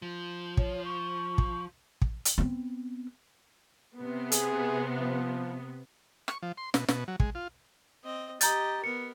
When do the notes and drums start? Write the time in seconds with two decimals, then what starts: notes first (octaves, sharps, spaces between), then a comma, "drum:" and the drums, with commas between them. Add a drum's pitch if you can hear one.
0.02 F3
0.57 C#5, drum: kick
0.85 C#6
1.38 drum: kick
2.02 drum: kick
2.25 drum: hi-hat
2.38 B3 C4
3.97 C3 B3
4.32 G#4, drum: hi-hat
4.97 F3
6.28 C#6, drum: rim click
6.42 F3
6.57 C6
6.74 B2, drum: snare
6.88 B2, drum: snare
7.08 F#3
7.20 G#3, drum: kick
7.35 F4
8.04 C4 D#5
8.41 G4 D#5 A#5 G6 A6, drum: hi-hat
8.84 B3 A#4 C#7